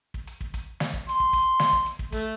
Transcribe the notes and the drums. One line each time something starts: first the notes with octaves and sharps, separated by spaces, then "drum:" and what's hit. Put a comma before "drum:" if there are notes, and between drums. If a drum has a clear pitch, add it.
drum: kick
drum: hi-hat
drum: kick
drum: kick, hi-hat
drum: snare
drum: kick
C6, drum: hi-hat
drum: kick
drum: kick, hi-hat
drum: snare
drum: kick
drum: hi-hat
drum: kick
A3, drum: kick, hi-hat